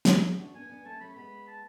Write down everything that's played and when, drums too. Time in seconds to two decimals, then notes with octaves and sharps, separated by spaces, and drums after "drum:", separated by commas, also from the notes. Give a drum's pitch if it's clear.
0.05 drum: snare
0.23 E4 G#4
0.39 D4 F#4
0.55 B3 D4 G#5
0.69 B3 D4
0.85 A3 C#4 A5
1.00 A3 C#4 B5
1.16 G#3 B3 B5
1.47 A5